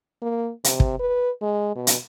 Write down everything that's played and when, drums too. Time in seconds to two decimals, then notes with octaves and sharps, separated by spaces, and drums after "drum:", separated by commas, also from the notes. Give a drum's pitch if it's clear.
0.22 A#3
0.64 C3, drum: hi-hat
0.80 drum: kick
1.00 B4
1.41 G#3
1.76 B2
1.87 drum: hi-hat